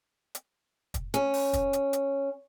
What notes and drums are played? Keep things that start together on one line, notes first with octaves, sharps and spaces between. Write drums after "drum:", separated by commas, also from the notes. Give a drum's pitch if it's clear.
drum: hi-hat
drum: kick, hi-hat
C#4, drum: hi-hat
drum: open hi-hat
drum: kick, hi-hat
drum: hi-hat
drum: hi-hat